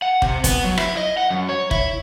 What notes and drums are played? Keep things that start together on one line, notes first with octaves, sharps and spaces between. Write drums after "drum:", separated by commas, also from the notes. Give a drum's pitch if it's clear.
F#5
C3, drum: kick
B3, drum: kick, hi-hat
F#3
E4, drum: rim click
D#5
F#5
F#2
C#5
E4, drum: kick